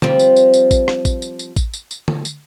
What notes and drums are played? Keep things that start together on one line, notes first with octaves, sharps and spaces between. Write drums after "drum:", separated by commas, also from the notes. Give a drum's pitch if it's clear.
F3 G3 C4, drum: tom D3
drum: tambourine
drum: tambourine
drum: tambourine
drum: kick A1, tambourine
drum: rim click
drum: kick A1, tambourine
drum: tambourine
drum: tambourine
drum: kick A1, tambourine
drum: tambourine
drum: tambourine
drum: tom D3
drum: tambourine